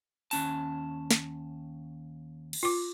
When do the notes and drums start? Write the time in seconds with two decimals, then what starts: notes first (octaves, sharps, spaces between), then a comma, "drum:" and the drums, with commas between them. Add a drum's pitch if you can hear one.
0.31 D#2 C#4 A5, drum: open hi-hat
1.11 drum: snare
2.53 drum: cymbal
2.63 F4 D6